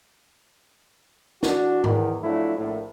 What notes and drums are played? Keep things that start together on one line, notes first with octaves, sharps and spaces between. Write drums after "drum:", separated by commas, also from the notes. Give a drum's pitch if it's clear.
E2 D4 F#4, drum: snare
E2 D#3, drum: tom G#2
F3 F#3 A3 D4 E4
A#1 A2